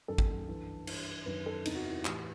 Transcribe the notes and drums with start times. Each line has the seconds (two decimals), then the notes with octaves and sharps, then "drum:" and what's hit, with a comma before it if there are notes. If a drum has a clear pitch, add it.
0.08 F#2 D#3 A4
0.18 drum: kick G#1
0.48 G2 E3
0.87 G2 E3, drum: cymbal
1.26 F#2 D#3 B4
1.46 A4
1.65 E2 C3 E3 D#4, drum: cymbal
1.75 F#4
1.85 E4
2.05 A2 E3 G4, drum: clap